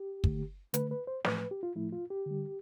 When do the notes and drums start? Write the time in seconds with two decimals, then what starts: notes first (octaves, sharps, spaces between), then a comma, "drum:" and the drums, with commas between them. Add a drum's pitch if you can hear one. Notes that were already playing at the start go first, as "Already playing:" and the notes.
Already playing: G4
0.24 D3 A3, drum: kick
0.74 D3 A3 B4, drum: hi-hat
0.91 B4
1.07 C5
1.25 A2 F3 A3 B4, drum: snare
1.38 B4
1.51 G4
1.63 F4
1.75 A2 F3 A3 E4
1.92 F4
2.10 G4
2.26 D3 G3